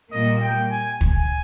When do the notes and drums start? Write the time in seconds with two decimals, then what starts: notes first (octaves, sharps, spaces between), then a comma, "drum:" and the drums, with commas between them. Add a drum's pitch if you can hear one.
0.12 A#2 G3 A#3 D#5
0.42 G5
0.72 G#5
1.01 G#5, drum: kick